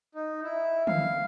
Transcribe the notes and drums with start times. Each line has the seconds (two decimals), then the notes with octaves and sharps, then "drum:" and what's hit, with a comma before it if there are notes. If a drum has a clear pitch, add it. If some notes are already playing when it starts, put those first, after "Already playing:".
0.15 D#4
0.43 E4
0.87 F5, drum: tom D3